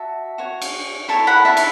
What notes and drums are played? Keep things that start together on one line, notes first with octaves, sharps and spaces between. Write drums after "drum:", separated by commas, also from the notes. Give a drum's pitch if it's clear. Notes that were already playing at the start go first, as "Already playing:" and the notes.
Already playing: F#4 E5 A5
F#4 C#5
drum: cymbal
E4 A4 C#5 A5 C#6
F#5 B5
E5 A5
drum: cymbal